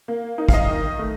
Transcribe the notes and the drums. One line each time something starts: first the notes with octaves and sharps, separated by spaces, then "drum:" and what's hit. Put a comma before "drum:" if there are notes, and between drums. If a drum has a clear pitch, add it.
A#3
D#4
F5, drum: kick
D#5
D#3
A3